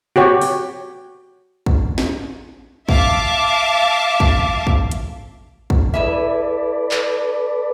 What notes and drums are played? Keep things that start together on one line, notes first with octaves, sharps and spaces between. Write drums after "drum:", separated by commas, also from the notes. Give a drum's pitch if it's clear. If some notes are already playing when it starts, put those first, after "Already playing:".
F#4 G4 C#5
drum: open hi-hat
drum: kick
drum: snare
E5 F5 A5 D6, drum: kick
drum: kick
drum: kick
drum: hi-hat
drum: kick
E4 G#4 A4 B4 D5 E5
drum: clap